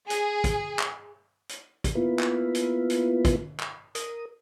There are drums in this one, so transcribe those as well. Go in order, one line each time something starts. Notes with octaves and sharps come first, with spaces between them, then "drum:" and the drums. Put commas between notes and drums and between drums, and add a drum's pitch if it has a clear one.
G#4, drum: hi-hat
drum: kick, hi-hat
drum: clap
drum: hi-hat
drum: kick, hi-hat
A#3 B3 E4 F4 B4
drum: clap
drum: hi-hat
drum: hi-hat
drum: kick, hi-hat
drum: clap
A#4 D#6, drum: hi-hat